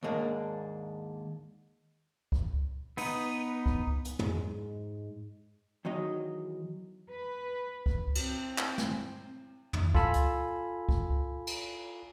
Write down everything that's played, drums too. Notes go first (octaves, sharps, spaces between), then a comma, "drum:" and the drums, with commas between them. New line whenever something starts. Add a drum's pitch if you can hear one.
D#2 G#2 G#3 A#3 D4
drum: kick C#2
B3 D#4 B4, drum: open hi-hat
drum: kick C#2
drum: hi-hat
G#2 G#3, drum: tom
E2 D#3 F#3 D#5
B4
drum: kick C#2
C4, drum: cymbal
drum: clap
drum: snare
drum: tom
F4 A4 G#5 B5 E6, drum: kick C#2
drum: hi-hat
drum: kick C#2
drum: cymbal